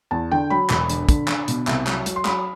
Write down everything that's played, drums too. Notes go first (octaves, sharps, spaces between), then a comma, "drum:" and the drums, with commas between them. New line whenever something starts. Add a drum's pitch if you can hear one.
E2 A5
D3 G5
F#3 B5
E1 B5, drum: clap
D3, drum: hi-hat
D3, drum: kick, hi-hat
D3, drum: clap
B2, drum: hi-hat
C2, drum: clap
F#3, drum: clap
F#3, drum: hi-hat
C6
F#3 B5, drum: clap